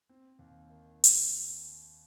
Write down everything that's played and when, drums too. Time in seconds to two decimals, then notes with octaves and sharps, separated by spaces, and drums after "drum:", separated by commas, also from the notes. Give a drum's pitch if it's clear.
0.09 C4
0.39 D#2
0.70 D#3
1.04 drum: hi-hat